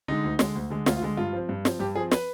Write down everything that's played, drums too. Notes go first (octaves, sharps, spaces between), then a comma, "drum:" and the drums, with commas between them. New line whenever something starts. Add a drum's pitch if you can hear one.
D3 G#3 D#4
D2
D3 G#3, drum: snare
D2
D3 G#3
D2 F4, drum: snare
F4
D3 G#3
G2 F4
F3 C4
G2
F3 C4, drum: snare
G2 G4
F3 C4 G#4
B4, drum: snare